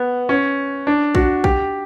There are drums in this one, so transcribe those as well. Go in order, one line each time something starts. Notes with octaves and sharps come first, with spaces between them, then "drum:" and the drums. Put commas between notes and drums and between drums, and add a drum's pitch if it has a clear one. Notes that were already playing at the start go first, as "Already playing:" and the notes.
Already playing: B3
C#4
D4
F#4, drum: kick
G4, drum: kick